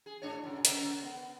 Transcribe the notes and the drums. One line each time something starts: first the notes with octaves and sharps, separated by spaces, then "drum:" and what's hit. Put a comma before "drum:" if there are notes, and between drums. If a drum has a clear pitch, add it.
G#4
A2 D4 C#5
F#2 C#3
C#3 B3 A#4, drum: hi-hat
B3